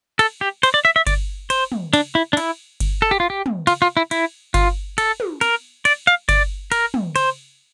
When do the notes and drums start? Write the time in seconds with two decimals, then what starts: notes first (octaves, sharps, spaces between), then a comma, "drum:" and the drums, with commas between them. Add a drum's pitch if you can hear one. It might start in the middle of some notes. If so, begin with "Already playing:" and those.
0.19 A4, drum: cymbal
0.41 G4
0.63 C5, drum: cymbal
0.74 D5
0.85 E5
0.96 E5
1.07 D5, drum: kick G1, cymbal
1.50 C5, drum: cymbal
1.72 drum: tom
1.93 D4, drum: cymbal
2.15 E4
2.33 D4
2.37 E4, drum: cymbal
2.80 drum: kick G1, cymbal
3.02 A4
3.11 G4
3.20 F4
3.30 G4
3.46 drum: tom
3.67 F4, drum: cymbal
3.82 F4
3.97 E4
4.11 E4, drum: cymbal
4.54 F4, drum: kick G1, cymbal
4.98 A4, drum: cymbal
5.20 drum: tom
5.41 A#4, drum: cymbal
5.85 D5, drum: cymbal
6.07 F5
6.29 D5, drum: kick G1, cymbal
6.72 A#4, drum: cymbal
6.94 drum: tom
7.16 C5, drum: cymbal